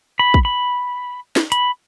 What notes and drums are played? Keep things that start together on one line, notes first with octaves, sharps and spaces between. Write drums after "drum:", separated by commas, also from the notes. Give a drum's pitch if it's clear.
B5
drum: kick
B5
drum: snare
B5, drum: hi-hat